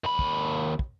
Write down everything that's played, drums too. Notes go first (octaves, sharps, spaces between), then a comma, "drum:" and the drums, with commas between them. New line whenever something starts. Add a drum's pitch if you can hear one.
D#2 B5
drum: kick
drum: kick